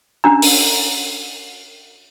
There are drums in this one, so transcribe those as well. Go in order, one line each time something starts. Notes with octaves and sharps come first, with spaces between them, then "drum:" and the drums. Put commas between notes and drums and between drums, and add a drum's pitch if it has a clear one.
C#4 D4 A#5
drum: open hi-hat